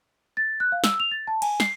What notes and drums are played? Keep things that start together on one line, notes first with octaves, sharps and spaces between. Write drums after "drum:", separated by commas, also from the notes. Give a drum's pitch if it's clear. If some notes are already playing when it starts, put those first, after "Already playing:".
A6
F#6
F5
E6, drum: snare
F7
A6
A5
G#5, drum: cymbal
C7, drum: snare